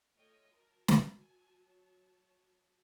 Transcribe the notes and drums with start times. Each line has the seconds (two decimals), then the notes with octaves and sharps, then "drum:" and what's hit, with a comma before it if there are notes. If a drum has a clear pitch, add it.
0.15 A3 F4 A4 C#5 D#5 G5
0.50 F#3 A#4 A5
0.88 drum: snare
1.17 G#5
1.65 C#5